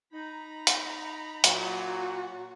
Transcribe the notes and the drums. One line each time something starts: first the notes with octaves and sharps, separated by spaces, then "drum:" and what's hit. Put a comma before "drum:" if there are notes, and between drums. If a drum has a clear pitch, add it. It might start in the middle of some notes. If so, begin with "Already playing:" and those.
D#4 A#5 B5
drum: hi-hat
A#2 F#3 F#4, drum: hi-hat